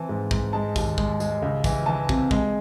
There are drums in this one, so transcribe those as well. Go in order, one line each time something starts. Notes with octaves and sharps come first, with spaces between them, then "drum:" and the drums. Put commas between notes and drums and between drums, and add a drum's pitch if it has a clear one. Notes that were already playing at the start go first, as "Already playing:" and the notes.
Already playing: E3 C4 A5
G#2
G#2, drum: kick
G#3 A5
D#2, drum: kick, tambourine
G#3, drum: kick
G#3, drum: tambourine
C#2
E3, drum: kick, tambourine
E3 A5
C3, drum: kick
G#3, drum: kick